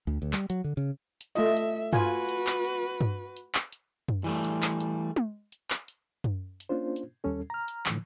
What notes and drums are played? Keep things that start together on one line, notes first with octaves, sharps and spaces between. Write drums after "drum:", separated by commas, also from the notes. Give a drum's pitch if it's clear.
D2
D2
G3, drum: clap
F#3, drum: hi-hat
D3
C#3
drum: hi-hat
A3 F4 D#5 E5
drum: hi-hat
F4 F#4 B4 G#5, drum: tom G2
drum: hi-hat
drum: clap
drum: hi-hat
drum: tom G2
drum: hi-hat
drum: clap
drum: hi-hat
drum: tom F#2
E3 G3 A3
drum: hi-hat
drum: clap
drum: hi-hat
drum: tom G#3
drum: hi-hat
drum: clap
drum: hi-hat
drum: tom F#2
drum: hi-hat
A#3 C#4 D4 F4 C5
drum: hi-hat
D#2 G3 C#4 A4
A#5 F6
drum: hi-hat
A2 D3 E3 F3, drum: clap